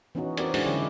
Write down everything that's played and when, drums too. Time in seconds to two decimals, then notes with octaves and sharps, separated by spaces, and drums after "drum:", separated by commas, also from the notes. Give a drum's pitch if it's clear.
0.15 E3 B3 C#4 D#4 F#4
0.37 C4 F#4 G4 A#4 D5, drum: hi-hat
0.54 G#3 D4 E4 F#4 G#4, drum: open hi-hat
0.66 D3 F#3 C#4 E4 G4